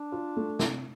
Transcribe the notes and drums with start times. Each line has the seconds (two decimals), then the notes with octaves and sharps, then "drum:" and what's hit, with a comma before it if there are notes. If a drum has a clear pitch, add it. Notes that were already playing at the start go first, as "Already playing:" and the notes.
Already playing: D4
0.12 F4
0.37 A3
0.59 C3, drum: snare